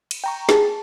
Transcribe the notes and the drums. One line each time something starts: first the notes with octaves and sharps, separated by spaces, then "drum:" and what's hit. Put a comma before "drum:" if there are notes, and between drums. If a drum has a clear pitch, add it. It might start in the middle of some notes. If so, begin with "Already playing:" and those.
drum: cymbal
G5 A#5 C#6
G#4 A5, drum: snare